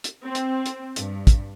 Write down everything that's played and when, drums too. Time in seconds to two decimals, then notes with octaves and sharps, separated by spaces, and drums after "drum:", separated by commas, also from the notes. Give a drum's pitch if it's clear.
0.04 drum: hi-hat
0.23 C4
0.35 drum: hi-hat
0.66 drum: hi-hat
0.96 G2, drum: hi-hat
1.27 drum: kick, hi-hat